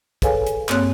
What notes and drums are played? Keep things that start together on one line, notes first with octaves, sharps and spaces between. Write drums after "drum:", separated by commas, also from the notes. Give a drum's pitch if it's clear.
G#4 A4 B4 C#5 F5 G#5, drum: kick, hi-hat
drum: hi-hat
G2 A#3 C4 C#5 F#6, drum: clap